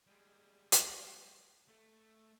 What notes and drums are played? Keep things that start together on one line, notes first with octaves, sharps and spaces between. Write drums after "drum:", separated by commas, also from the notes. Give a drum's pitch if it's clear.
G3 G#3
drum: hi-hat
A3